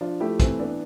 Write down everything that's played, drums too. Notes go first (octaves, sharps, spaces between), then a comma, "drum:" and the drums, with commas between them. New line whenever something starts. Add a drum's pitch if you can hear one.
F3 D4 F4
A3 E4 G4
E3 C4 E4, drum: kick, hi-hat
B3 D4